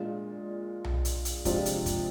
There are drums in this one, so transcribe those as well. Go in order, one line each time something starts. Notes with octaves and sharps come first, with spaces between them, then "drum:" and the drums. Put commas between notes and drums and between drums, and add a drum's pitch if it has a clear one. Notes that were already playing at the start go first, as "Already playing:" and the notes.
Already playing: A#2 G#3 D4 F4
drum: tom B1
drum: hi-hat
drum: hi-hat
C3 F3 G#3 D4 F4, drum: kick, hi-hat
drum: hi-hat
drum: kick, hi-hat